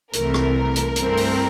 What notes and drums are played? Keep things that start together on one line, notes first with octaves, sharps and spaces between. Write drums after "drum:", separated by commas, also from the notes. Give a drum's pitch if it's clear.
C2 C3 E3 A3 A#4, drum: hi-hat
drum: rim click
drum: hi-hat
G2 E3 A3 C4, drum: hi-hat
drum: open hi-hat